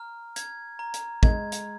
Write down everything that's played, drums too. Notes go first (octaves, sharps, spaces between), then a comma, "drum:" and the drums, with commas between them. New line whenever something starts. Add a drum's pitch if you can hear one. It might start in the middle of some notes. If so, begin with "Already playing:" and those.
Already playing: A#5 F6
G#6, drum: hi-hat
A#5
drum: hi-hat
G#3 G#6, drum: kick
drum: hi-hat